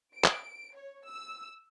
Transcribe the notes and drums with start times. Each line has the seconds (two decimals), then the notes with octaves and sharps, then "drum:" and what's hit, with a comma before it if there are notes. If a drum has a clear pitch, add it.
0.14 D7
0.24 drum: clap
0.76 C#5
1.06 E6